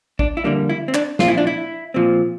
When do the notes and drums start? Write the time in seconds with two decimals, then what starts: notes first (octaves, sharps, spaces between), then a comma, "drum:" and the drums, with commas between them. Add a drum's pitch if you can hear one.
0.19 D4, drum: kick
0.37 E4
0.44 F2 D3 G3 A#3 D4
0.69 E4
0.88 C4
0.94 D4, drum: clap
1.19 A#2 F3 C4 F4, drum: snare
1.28 E4
1.38 D4
1.47 E4
1.94 A#2 F3 C4